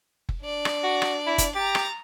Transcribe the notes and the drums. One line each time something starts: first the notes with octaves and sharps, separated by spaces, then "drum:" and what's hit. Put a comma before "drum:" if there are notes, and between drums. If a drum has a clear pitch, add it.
drum: kick F#1
D4 D5
drum: rim click
F#4
drum: rim click
E4
drum: kick F#1, hi-hat
G4 A#5 A6
drum: rim click